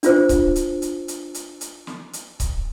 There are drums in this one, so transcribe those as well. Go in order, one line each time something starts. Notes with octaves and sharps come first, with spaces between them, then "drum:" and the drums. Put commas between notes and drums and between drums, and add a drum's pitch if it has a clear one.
D4 F4 C5, drum: hi-hat
drum: kick C#1, hi-hat
drum: hi-hat
drum: hi-hat
drum: hi-hat
drum: hi-hat
drum: hi-hat
drum: snare
drum: hi-hat
drum: kick C#1, hi-hat